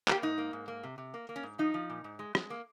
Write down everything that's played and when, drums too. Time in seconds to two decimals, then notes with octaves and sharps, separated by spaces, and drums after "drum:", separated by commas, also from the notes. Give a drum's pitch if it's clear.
0.08 A#3 G4, drum: clap
0.22 G#2 D#4
0.38 A#3
0.53 G#2
0.68 A#3
0.83 C3
0.98 C3
1.14 A#3
1.29 A#3
1.36 C#4
1.43 G#2
1.58 F3 D#4
1.74 F3
1.90 A#2
2.04 G#2
2.19 G#3
2.35 G#3, drum: rim click
2.50 A#3